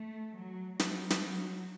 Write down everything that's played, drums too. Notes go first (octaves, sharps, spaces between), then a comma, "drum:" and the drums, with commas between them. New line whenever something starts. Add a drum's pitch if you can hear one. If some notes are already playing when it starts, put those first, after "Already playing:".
Already playing: A3
F#3
F#3, drum: snare
drum: snare
F#3